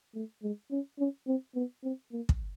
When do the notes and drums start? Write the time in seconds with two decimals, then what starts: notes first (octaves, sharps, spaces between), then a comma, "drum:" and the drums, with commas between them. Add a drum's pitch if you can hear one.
0.14 A3
0.42 G#3
0.71 C#4
0.99 C#4
1.27 C4
1.55 B3
1.83 C4
2.12 A#3
2.29 drum: kick